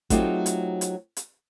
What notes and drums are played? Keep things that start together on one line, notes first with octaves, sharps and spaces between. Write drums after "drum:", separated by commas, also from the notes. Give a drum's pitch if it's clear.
F#3 A3 C4 D#4 F4 G4, drum: kick G#1, hi-hat
drum: hi-hat
drum: hi-hat
drum: hi-hat